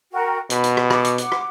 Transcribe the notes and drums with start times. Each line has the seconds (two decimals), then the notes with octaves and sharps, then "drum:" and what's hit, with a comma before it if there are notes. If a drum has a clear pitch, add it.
0.12 F#4 A#4 G5
0.50 B2 B5, drum: hi-hat
0.64 drum: hi-hat
0.77 drum: rim click
0.90 F#5 D6, drum: rim click
1.04 drum: hi-hat
1.18 drum: hi-hat
1.32 drum: rim click